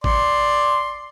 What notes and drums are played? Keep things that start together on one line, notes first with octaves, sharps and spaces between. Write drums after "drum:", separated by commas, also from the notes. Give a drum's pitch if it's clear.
D5 C6, drum: kick G#1